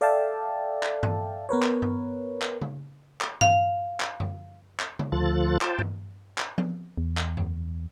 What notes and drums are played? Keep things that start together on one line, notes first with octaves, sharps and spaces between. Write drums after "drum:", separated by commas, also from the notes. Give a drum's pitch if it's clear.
A4 D5 E5 F5 G5 A5
drum: clap
drum: tom G2
B3 A#4 B4 C#5
drum: clap
drum: tom G2
drum: clap
drum: tom C#3
drum: clap
F5, drum: tom G2
drum: clap
drum: tom F#2
drum: clap
drum: tom C#3
D2 F3 F4 A4 F#6 A6
F4 C5 G5 A5, drum: clap
drum: tom G2
drum: clap
drum: tom F3
E2
drum: clap
drum: tom F#2